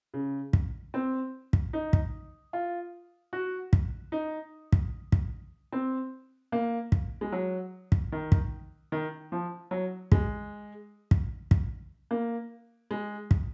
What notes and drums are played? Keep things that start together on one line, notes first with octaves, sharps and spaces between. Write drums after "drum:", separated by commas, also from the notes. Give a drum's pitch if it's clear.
C#3
drum: kick
C4
drum: kick
D#4
drum: kick
F4
F#4
drum: kick
D#4
drum: kick
drum: kick
C4
A#3
drum: kick
G#3
F#3
drum: kick
D#3
drum: kick
D#3
F3
F#3
G#3, drum: kick
drum: kick
drum: kick
A#3
G#3
drum: kick